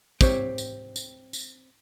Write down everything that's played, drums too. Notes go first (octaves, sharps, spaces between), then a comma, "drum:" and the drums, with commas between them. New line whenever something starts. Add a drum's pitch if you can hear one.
C4 G4 C5 C#5, drum: kick, tambourine
drum: tambourine
drum: tambourine
drum: tambourine